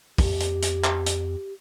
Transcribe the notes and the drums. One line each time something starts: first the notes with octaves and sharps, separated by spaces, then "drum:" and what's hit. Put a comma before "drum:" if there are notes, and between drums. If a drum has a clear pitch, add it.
F2 G4, drum: kick, open hi-hat
drum: hi-hat
drum: hi-hat
drum: clap
drum: hi-hat